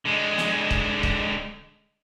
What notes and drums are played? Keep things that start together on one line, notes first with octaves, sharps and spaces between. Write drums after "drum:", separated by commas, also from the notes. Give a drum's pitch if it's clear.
D3 G#3
drum: snare
drum: kick
drum: kick